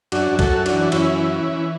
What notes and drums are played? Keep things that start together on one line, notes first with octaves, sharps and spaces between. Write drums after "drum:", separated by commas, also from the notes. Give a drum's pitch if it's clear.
F#2 D4 F#4, drum: cymbal
F#2
F#4 A4, drum: kick C2, cymbal
F#2
D4 F#4, drum: cymbal
E3
F#2 C#4 E4, drum: cymbal
E3
E3
E3